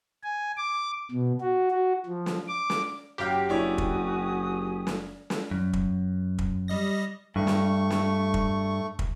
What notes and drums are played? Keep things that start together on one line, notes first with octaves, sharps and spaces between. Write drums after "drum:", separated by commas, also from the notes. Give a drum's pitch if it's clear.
G#5
D6
B2
F#4
F#4
F3
drum: snare
D6
drum: snare
F#1 F#3 G4 F5
F#1 D4 E4 F#4 C#5 G#5 D#6
drum: kick
drum: snare
drum: snare
F#2
drum: kick
drum: kick
G3 D#5 A#6
G2 A3 C#6
drum: snare
drum: snare
drum: kick
drum: kick